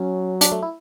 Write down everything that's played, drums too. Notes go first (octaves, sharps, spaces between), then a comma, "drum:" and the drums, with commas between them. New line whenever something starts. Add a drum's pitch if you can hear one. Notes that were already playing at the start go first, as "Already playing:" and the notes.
Already playing: F#3 C#4
D4, drum: hi-hat
A3
E4